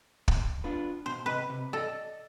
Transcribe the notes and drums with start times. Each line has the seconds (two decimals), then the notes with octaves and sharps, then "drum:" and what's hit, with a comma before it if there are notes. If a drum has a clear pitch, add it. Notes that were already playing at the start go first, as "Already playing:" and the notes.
0.28 drum: kick
0.64 D4 F4 B4
1.06 B2 C5
1.26 C3 B4 D#5
1.50 C3
1.73 A4 D5 D#5